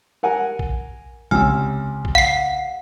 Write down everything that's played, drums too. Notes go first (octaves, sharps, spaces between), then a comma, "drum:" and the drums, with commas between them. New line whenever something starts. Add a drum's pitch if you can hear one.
A#4 F#5 G#5
drum: kick A#1
C#2 C3 G#5 E6 F6, drum: kick A#1
drum: kick A#1
F5 F#5 C7